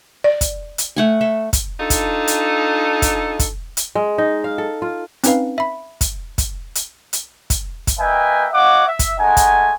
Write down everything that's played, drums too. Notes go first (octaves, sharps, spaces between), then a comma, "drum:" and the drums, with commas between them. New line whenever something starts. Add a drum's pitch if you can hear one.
D5
drum: kick, hi-hat
drum: hi-hat
A3 F#5 G#5
A4 E5
drum: kick, hi-hat
D4 D#4 F4 A4
drum: kick, hi-hat
drum: hi-hat
drum: kick, hi-hat
drum: kick, hi-hat
drum: hi-hat
G#3
D#4
F5
A4
F4
C4 C#4 D#4 B4 F5, drum: hi-hat
E5 B5
drum: kick, hi-hat
drum: kick, hi-hat
drum: hi-hat
drum: hi-hat
drum: kick, hi-hat
drum: kick, hi-hat
A#3 B4 D#5 E5 G5 G#5
F#4 C#5 D#5 F5 F#5 D6
E5
drum: kick, hi-hat
G#3 A3 D#4 F#5 G#5
drum: kick, hi-hat